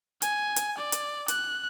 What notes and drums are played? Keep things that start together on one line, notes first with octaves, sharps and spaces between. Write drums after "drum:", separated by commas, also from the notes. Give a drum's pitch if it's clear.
G#5, drum: hi-hat
drum: hi-hat
D5
drum: hi-hat
F#6, drum: hi-hat